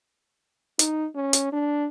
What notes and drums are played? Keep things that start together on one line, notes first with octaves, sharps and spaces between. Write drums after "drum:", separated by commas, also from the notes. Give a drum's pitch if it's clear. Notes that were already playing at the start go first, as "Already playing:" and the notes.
D#4, drum: hi-hat
C#4
drum: hi-hat
D4